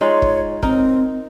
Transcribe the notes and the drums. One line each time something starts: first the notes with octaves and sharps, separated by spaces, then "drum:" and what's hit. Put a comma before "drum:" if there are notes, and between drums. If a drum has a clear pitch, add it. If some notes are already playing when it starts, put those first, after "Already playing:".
G#3 D#4 F4 C#5
drum: kick
C4 D#4 A#4, drum: kick